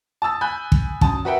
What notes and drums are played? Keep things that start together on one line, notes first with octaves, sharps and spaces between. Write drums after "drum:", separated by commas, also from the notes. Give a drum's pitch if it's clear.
A5 D#6 E6 A6
G#5 B5 F#6 G6
drum: kick
F#2 A5 D#6, drum: kick
F#4 A#4 B4 E5 F#5 G5